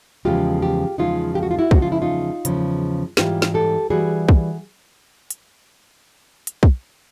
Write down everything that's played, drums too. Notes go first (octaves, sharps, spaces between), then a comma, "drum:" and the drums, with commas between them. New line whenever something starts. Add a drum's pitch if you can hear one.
E2 C#3 F3 G#3 F4 G4
F4 G4
E2 C#3 F3 G#3 D#4 F4
G4
F#4
F4
E4 F#4
E2 C#3 F3 G#3 F#4, drum: kick
F4
E4
D#4 F4
E2 C#3 F3 G#3, drum: hi-hat
G#2 E3 G3 F4 G4, drum: snare
drum: snare
G4 A4
E3 G3 F#4 G#4
drum: kick
drum: hi-hat
drum: hi-hat
drum: kick